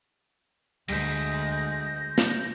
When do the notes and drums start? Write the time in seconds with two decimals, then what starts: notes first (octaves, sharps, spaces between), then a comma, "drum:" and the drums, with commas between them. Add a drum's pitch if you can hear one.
0.88 D2 G#3 G6 A#6, drum: cymbal
2.18 drum: snare